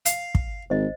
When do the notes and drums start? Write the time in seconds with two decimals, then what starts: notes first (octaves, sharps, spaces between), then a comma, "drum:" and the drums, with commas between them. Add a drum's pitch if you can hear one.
0.06 F5, drum: hi-hat
0.35 drum: kick
0.70 G#1 C5 D#5